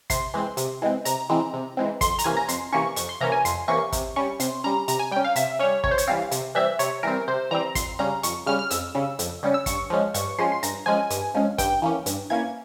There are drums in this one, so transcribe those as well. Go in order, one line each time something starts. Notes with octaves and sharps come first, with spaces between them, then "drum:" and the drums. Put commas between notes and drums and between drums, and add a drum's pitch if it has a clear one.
C3 C6, drum: kick, hi-hat
E3 G#3 C4
C3, drum: hi-hat
E3 G#3 C4
C3 A#5, drum: hi-hat
E3 G#3 C4
C3
E3 G#3 C4
F2 C6, drum: kick, hi-hat
A#5, drum: hi-hat
C3 E3 A#3 C#4 G#5
A#5
F2 C6, drum: hi-hat
C3 E3 A#3 C#4 C#6
F2 C#6, drum: hi-hat
C6
C3 E3 A#3 C#4 A#5
G#5
F2 C6, drum: hi-hat
C3 E3 A#3 C#4 C#6
C3, drum: kick, hi-hat
G3 C#4 C#6
C3 C6, drum: hi-hat
G3 C#4 A#5
C3 A#5, drum: hi-hat
G#5
G3 C#4 G5
F5
C3 E5, drum: hi-hat
G3 C#4 C#5
C3 C#5, drum: kick
C5
C#5, drum: hi-hat
E3 G3 C4 F5
C3, drum: hi-hat
E3 G3 C4 E5
C3 C#5, drum: hi-hat
E3 G3 C4 A#4
C3 C5
E3 G3 C4 A#5
F2 C6, drum: kick, hi-hat
C#3 G3 C#4 A#5
F2 C#6, drum: hi-hat
C#3 G3 C#4 F6
F6
F2 E6, drum: hi-hat
C#3 G3 C#4
F2, drum: hi-hat
C#3 G3 C#4
E6
G2 C#6, drum: kick, hi-hat
F3 G#3 C#4
G2 C#6, drum: hi-hat
F3 G#3 C#4 C6
C6
G2 A#5, drum: hi-hat
F3 G#3 C#4 G#5
G2, drum: hi-hat
F3 G#3 C#4
G2 G5, drum: kick, hi-hat
E3 A#3 C#4
G2, drum: hi-hat
E3 A#3 C#4 G#6